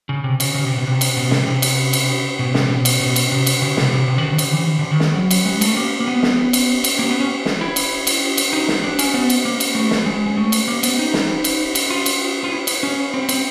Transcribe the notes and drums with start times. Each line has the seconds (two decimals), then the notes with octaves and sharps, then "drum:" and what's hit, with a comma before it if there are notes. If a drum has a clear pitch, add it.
0.09 C#3
0.24 C3
0.40 C#3, drum: cymbal
0.55 C#3
0.66 C3
0.77 B2
0.87 C3
1.01 drum: cymbal
1.17 B2
1.31 C3, drum: snare
1.47 C3
1.62 drum: cymbal
1.93 drum: cymbal
2.39 B2
2.54 C3, drum: snare
2.70 B2
2.85 drum: cymbal
3.00 B2
3.16 drum: cymbal
3.32 C3
3.46 drum: cymbal
3.62 C#3
3.77 C3, drum: snare
3.93 C3
4.08 C3
4.18 D#3
4.23 D3
4.32 D#3
4.38 D3, drum: cymbal
4.53 E3
4.66 D#3
4.79 D3
4.91 D#3
5.00 drum: snare
5.15 F#3
5.31 drum: cymbal
5.46 G#3
5.61 A3, drum: cymbal
5.77 A#3
6.00 A#3
6.08 B3
6.23 drum: snare
6.53 drum: cymbal
6.84 drum: cymbal
6.99 A#3
7.09 B3
7.20 C#4
7.45 drum: snare
7.61 E4
7.76 drum: cymbal
8.07 drum: cymbal
8.37 drum: cymbal
8.53 D#4
8.68 drum: snare
8.84 D4
8.99 C#4, drum: cymbal
9.14 B3
9.30 drum: cymbal
9.45 A#3
9.60 drum: cymbal
9.75 A3
9.91 drum: snare
10.06 G#3
10.26 G#3
10.37 A3
10.52 drum: cymbal
10.68 A#3
10.83 B3, drum: cymbal
10.99 D#4
11.14 drum: snare
11.44 drum: cymbal
11.75 drum: cymbal
11.90 F4
12.06 drum: cymbal
12.44 F4
12.52 E4
12.67 drum: cymbal
12.83 C#4
13.14 C4
13.29 C4, drum: cymbal